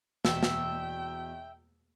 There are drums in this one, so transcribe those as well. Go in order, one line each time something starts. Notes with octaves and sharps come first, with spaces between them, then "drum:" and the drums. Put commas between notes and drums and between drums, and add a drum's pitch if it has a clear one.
E2 B2 E5 G5, drum: snare
drum: snare